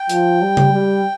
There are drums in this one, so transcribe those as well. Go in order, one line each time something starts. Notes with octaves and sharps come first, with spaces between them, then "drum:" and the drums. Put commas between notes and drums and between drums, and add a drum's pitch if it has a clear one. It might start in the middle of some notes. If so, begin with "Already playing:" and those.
Already playing: G5
F3, drum: hi-hat
G3
drum: tom C#3
G3